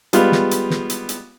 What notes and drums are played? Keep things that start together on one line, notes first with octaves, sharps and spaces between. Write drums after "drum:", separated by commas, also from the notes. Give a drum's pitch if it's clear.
G3 G#3 B3 F4, drum: hi-hat
drum: snare
drum: hi-hat
drum: snare
drum: hi-hat
drum: hi-hat